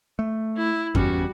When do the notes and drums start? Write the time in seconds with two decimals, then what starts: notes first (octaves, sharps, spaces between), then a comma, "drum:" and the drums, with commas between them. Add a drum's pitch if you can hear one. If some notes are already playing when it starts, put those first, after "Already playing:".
0.19 A3
0.57 E4
0.95 F#1 E2 G3 C#4 F#4, drum: kick F#2